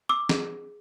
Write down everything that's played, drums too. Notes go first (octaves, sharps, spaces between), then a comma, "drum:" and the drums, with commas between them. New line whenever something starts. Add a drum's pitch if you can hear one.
D6 E6
G#4, drum: snare